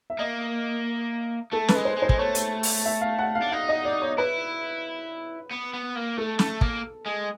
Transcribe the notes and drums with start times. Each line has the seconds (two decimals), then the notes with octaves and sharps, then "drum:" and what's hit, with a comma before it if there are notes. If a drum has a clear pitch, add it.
0.10 E5
0.19 A#3 D#5
1.52 A3 A4
1.68 B4, drum: snare
1.75 G#3
1.85 C5
1.96 G#3
2.02 C5
2.09 G#3, drum: kick
2.18 A3 C#5
2.35 drum: hi-hat
2.63 drum: open hi-hat
2.85 E5
3.01 F5
3.18 F#5
3.35 F5
3.42 D4
3.52 D#4 F5
3.69 D#5
3.85 D5
4.01 C#5
4.18 E4 B4
5.51 B3
5.73 B3
5.96 A#3
6.17 A3 A4
6.39 A3, drum: snare
6.61 A#3, drum: kick
7.06 G#3